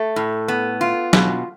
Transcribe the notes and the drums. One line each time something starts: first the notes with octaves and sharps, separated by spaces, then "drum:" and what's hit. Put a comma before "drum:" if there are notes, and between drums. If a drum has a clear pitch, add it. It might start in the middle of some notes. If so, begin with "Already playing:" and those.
Already playing: A3
A2
B3
F4
B2, drum: snare